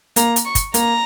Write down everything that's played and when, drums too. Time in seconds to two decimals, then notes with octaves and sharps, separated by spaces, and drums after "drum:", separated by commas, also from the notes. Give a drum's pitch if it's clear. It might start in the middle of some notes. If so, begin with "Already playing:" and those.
0.16 A#3 A#5, drum: hi-hat
0.36 drum: hi-hat
0.45 C#6
0.55 drum: kick, hi-hat
0.74 A#3 A#5, drum: hi-hat